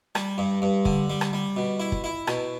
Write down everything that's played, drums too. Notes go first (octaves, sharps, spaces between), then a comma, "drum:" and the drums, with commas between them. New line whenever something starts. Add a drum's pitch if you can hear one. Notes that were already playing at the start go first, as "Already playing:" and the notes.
G3, drum: rim click
G2
G2
D3, drum: kick
G3
drum: rim click
G3
B2
E4
drum: kick
E4
B2, drum: rim click